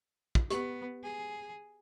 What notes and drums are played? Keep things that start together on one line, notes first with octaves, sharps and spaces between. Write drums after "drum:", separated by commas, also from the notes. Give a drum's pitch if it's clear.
drum: kick
B3 G4, drum: hi-hat
G#4